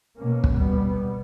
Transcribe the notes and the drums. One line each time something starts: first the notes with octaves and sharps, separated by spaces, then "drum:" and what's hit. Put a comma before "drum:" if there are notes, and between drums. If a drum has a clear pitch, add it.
B2 A#3 C#4
drum: kick
B2 G3 B3